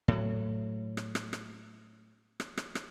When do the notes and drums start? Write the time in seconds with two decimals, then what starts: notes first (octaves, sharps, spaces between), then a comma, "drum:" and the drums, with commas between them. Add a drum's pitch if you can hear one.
0.08 A2 F#3
0.97 drum: rim click
1.15 drum: rim click
1.33 drum: rim click
2.40 drum: rim click
2.57 drum: rim click
2.75 drum: rim click